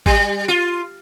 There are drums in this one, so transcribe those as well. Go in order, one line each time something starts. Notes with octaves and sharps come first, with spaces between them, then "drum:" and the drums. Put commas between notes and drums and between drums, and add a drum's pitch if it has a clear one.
G3, drum: kick G#1
F4